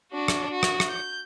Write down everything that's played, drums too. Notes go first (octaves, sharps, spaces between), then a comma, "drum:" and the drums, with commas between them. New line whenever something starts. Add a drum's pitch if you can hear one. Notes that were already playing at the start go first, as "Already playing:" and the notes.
D4 F#4
drum: rim click
F#4
drum: rim click
drum: rim click
G6